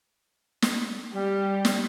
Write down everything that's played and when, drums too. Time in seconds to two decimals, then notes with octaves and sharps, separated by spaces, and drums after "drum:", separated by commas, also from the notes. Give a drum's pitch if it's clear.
0.62 drum: snare
1.14 G3 G4
1.65 drum: snare